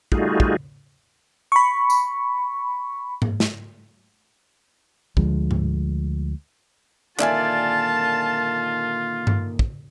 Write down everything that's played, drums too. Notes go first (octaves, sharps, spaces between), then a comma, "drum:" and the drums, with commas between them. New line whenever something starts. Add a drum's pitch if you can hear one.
G3 A3 D#4 F4 F#4 G#4, drum: kick
drum: kick
B5 C#6
drum: tambourine
drum: tom G#2
drum: snare
D2 F3 G#3, drum: kick
drum: tom G#2
A#2 D3 D#3 F4 D5 E5 G#5 A5, drum: clap
drum: tom G2
drum: kick